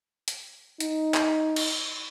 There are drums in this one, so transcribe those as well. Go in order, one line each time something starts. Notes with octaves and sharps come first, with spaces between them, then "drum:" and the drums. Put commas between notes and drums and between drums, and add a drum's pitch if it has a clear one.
drum: hi-hat
D#4, drum: hi-hat
drum: clap
drum: cymbal